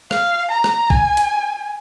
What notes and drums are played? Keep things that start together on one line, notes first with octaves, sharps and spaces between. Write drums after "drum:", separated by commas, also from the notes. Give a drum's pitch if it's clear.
F5, drum: rim click
A#5
drum: rim click
G#5, drum: kick A#1
drum: hi-hat